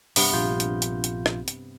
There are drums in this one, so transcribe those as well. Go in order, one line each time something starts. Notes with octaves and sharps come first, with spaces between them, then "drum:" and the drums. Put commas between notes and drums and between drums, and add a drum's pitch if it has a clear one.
G2 C3 B3, drum: open hi-hat
A#1 F4 G6
drum: hi-hat
drum: hi-hat
drum: hi-hat
drum: rim click
drum: hi-hat